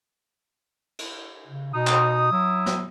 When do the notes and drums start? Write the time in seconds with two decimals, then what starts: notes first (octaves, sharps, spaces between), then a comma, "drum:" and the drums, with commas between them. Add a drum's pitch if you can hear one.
0.99 drum: cymbal
1.47 C#3
1.74 B2 D#4 D#6
1.87 drum: clap
2.32 F#3 E4
2.66 drum: snare